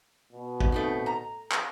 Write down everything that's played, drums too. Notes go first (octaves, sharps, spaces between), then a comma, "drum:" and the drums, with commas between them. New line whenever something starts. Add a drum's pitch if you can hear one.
B2
drum: kick
A3 C4 D#4
A#5
drum: clap